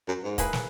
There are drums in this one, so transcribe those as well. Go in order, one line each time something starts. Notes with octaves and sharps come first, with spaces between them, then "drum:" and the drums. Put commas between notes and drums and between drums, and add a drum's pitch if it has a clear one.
F#2
G#2
A#3 E4 G#4 B4, drum: kick, hi-hat
drum: snare